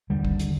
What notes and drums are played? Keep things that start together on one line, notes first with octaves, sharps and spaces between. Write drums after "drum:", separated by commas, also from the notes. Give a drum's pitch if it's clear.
D#2 D3 G3
drum: kick
drum: hi-hat